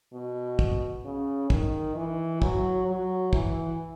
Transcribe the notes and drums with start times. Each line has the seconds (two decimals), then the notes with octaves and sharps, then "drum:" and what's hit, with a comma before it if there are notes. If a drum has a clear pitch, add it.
0.13 B2
0.59 drum: kick
1.04 C#3
1.50 D#3, drum: kick
1.96 E3
2.42 F#3, drum: kick
2.87 F#3
3.33 E3, drum: kick